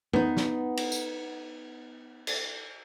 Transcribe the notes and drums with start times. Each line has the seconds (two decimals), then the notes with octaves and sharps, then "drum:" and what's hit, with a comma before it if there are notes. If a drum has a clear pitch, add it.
0.13 B3 D#4, drum: tom G2
0.37 drum: snare
0.77 drum: cymbal
0.92 drum: tambourine
2.27 drum: cymbal